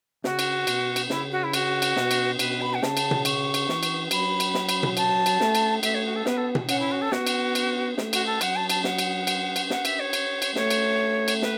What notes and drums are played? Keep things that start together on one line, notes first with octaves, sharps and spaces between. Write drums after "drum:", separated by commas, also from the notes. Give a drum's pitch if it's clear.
C#3 F#4, drum: snare
drum: cymbal
B2, drum: cymbal
drum: cymbal
C#3 E4, drum: snare
F#4
E4
F#4, drum: cymbal
drum: cymbal
B2, drum: snare
drum: cymbal
B2 B4, drum: cymbal
B5
F#5
C#3 A5, drum: snare
drum: cymbal
drum: tom B2
C#6, drum: cymbal
drum: cymbal
E3, drum: snare
drum: cymbal
F#3 B5, drum: cymbal
drum: cymbal
drum: snare
drum: cymbal
drum: tom B2
A5, drum: cymbal
drum: cymbal
A3, drum: snare
drum: cymbal
A3 E5, drum: cymbal
C#5
F#4
A4
B3 B4, drum: snare
A4
drum: tom B2
C#4 F#5, drum: cymbal
E4
F#4
A4
B3 F#4, drum: snare
drum: cymbal
drum: cymbal
A3, drum: snare
F#4, drum: cymbal
A4
F#3 F#5, drum: cymbal
A5
A5, drum: cymbal
F#5, drum: snare
drum: cymbal
drum: cymbal
drum: cymbal
F#5, drum: snare
E5, drum: cymbal
C#5
drum: cymbal
drum: cymbal
A3 C#5, drum: snare
drum: cymbal
drum: cymbal
B4, drum: snare